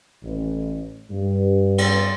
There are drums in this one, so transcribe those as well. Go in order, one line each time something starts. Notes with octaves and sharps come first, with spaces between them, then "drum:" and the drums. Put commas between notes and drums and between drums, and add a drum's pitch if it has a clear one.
A1
G2
drum: cymbal